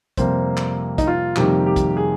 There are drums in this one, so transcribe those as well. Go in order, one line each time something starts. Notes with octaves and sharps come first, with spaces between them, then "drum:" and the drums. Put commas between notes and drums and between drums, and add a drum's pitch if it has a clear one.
F2 C3 G3 A#3 C5, drum: kick, hi-hat
drum: clap
D#4, drum: kick, hi-hat
F4
F2 C3 D#3 G3 A#3 G4, drum: clap
G4
drum: kick, hi-hat
G#4